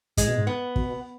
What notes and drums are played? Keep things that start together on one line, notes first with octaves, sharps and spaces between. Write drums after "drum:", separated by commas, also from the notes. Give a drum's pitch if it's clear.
G#2 G#3, drum: kick, hi-hat
B2
G#2
B3
B2, drum: kick